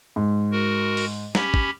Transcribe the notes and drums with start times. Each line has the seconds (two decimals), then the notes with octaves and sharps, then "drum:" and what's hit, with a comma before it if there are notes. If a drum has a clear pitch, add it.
0.16 G#2
0.52 F#4 A#4
0.97 drum: open hi-hat
1.35 C#4 G4 B5, drum: snare
1.54 drum: kick